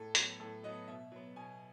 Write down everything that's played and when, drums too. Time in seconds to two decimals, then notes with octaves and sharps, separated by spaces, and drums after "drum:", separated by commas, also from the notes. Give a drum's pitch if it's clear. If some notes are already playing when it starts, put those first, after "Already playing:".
Already playing: A2 A4
0.15 F#3 B3, drum: hi-hat
0.40 A2 A4
0.63 F#3 B3 D#5
0.88 B2 E5
1.12 F#3 B3
1.36 B2 G#5